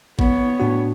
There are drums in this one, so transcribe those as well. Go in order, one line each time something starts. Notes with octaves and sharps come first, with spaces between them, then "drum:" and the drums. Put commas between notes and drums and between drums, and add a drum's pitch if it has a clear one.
B3 C#5, drum: kick G#1
A2 D4 F#4